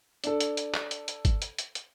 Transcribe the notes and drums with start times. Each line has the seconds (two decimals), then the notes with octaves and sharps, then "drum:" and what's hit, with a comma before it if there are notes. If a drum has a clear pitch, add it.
0.24 D4 A4, drum: hi-hat
0.40 drum: hi-hat
0.57 drum: hi-hat
0.74 drum: clap
0.91 drum: hi-hat
1.08 drum: hi-hat
1.25 drum: kick G#1, hi-hat
1.42 drum: hi-hat
1.59 drum: hi-hat
1.75 drum: hi-hat